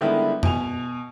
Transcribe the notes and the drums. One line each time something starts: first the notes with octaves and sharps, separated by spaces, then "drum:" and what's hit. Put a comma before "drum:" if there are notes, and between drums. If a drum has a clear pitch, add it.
D3 D#3 G3 G#3 B3 E4
B2 G#5 F7, drum: tom